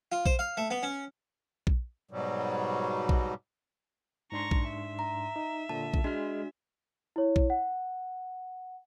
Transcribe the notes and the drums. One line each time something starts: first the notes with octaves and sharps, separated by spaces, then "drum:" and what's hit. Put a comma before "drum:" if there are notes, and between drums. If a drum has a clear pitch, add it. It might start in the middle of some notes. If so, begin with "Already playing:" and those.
F4
C5, drum: kick A#1
F5
A3
B3
C#4
drum: kick A#1
G#2 B2 F#3 G3
drum: kick A#1
G#2 D4 A#5 C6 C#6
drum: kick A#1
E5
A#5
D#4
A#2 D3 A5
drum: kick A#1
G#3 D4 F#4 F6
E4 C#5
drum: kick A#1
F#5